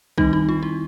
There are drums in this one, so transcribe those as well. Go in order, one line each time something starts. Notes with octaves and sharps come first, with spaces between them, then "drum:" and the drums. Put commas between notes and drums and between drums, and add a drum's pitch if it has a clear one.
D#3 G3 C4 D#4, drum: kick
D#4
F4
E4